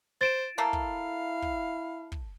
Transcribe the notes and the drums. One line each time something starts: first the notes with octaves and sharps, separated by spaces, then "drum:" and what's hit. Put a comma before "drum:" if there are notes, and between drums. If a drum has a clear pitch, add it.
C5 A6 D7 E7
A3 A#3 E4 A4 F5
drum: kick
drum: kick
drum: kick